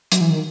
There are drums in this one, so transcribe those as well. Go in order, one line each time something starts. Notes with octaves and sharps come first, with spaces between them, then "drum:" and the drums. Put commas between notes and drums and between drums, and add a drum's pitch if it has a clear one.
F#3, drum: hi-hat
E3
D#3